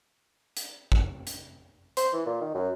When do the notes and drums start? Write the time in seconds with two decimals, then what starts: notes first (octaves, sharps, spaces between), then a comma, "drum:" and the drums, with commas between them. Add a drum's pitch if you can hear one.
0.57 drum: hi-hat
0.92 drum: kick G#1
1.27 drum: hi-hat
1.97 C5, drum: hi-hat
2.13 E3
2.26 A#2
2.41 D#3
2.54 F#2